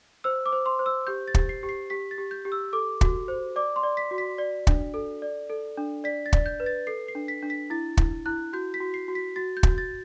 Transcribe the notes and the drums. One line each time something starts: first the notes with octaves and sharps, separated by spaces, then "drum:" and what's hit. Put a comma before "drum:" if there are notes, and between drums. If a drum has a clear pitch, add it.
C5 E6
D6
C5
C6
C5
E6
G4 G6
A6
G4, drum: kick
C7
G4
C7
G4 B6
A6
G4
G6
G4
E6
A4 D6
F#4, drum: kick
C5
D5 D6
C6
D5
B6
F#4
B6
D5
D4, drum: kick
A4
D5
A4
D4
D5 B6
A6
D5, drum: kick
G6
B4
A6
A4 C7
C7
D4
B6
D4
B6
E4 A6
E4, drum: kick
E4 F#6
F#4 G6
B6
F#4
C7
F#4
B6
F#4 A6
G6
F#4, drum: kick
A6